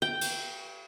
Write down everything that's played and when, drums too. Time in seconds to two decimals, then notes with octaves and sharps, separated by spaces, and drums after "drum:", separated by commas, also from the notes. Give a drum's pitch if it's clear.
0.02 G5
0.21 drum: cymbal